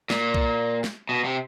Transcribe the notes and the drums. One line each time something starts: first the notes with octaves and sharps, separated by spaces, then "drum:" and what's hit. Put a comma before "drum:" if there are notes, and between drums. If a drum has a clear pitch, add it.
A#2, drum: snare
drum: kick B1
drum: snare
B2
C3